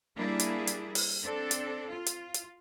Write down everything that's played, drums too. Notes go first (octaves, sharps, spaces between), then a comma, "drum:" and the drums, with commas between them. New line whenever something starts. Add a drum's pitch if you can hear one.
G3 A#3 D4 E4 G#4
drum: hi-hat
drum: hi-hat
drum: open hi-hat
C4 D4 A4
drum: hi-hat
F4
drum: hi-hat
drum: hi-hat